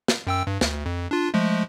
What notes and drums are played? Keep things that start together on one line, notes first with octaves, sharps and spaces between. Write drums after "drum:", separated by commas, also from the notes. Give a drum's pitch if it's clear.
drum: snare
F#2 G5 E6
G2
D2, drum: snare
F2
D4 F4
F3 G#3 A3